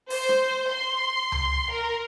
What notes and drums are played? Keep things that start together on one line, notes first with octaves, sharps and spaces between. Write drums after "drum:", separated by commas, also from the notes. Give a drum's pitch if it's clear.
C5, drum: open hi-hat
drum: rim click
C6
drum: tom C#2
A#4